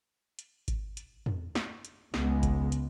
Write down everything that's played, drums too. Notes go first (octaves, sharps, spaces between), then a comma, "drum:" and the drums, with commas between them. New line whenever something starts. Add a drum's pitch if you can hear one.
drum: hi-hat
drum: kick G#1, hi-hat
drum: hi-hat
drum: tom
drum: snare
drum: hi-hat
C#2 G#3 B3, drum: snare
drum: kick G#1, hi-hat
drum: hi-hat